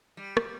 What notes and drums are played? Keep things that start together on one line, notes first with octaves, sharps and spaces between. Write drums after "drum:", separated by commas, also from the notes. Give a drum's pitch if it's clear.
G3
drum: rim click